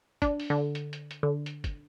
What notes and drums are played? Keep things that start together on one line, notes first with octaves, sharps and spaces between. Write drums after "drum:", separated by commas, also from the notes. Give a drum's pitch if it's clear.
D4, drum: kick, hi-hat
drum: open hi-hat
D3
drum: hi-hat
drum: hi-hat
drum: hi-hat
D3
drum: hi-hat
drum: kick, hi-hat